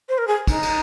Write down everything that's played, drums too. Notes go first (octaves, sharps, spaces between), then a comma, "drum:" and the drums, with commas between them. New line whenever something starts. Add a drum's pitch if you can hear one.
C5
A#4
G#4
D#4, drum: kick, cymbal
drum: cymbal